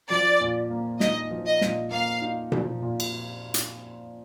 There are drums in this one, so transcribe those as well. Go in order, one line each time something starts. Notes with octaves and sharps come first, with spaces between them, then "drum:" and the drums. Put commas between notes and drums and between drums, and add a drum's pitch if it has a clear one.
F3 D5
A#2
A#3
D#4 D#5, drum: snare
F3
D#5
A#2, drum: snare
A#3 F5
D#4
F3, drum: tom B2
A#2
drum: cymbal
drum: hi-hat